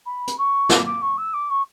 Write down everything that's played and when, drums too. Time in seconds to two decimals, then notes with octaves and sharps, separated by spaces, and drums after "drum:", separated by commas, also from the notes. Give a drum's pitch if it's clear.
0.06 B5
0.27 drum: hi-hat
0.38 C#6
0.69 D6, drum: snare
0.86 D6
1.02 C#6
1.17 E6
1.33 D6
1.50 C#6